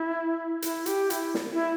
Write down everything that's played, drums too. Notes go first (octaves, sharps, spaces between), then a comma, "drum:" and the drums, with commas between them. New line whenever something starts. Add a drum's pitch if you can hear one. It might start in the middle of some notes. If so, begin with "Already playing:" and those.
Already playing: E4
E4, drum: hi-hat
G4, drum: hi-hat
E4, drum: hi-hat
drum: snare
E4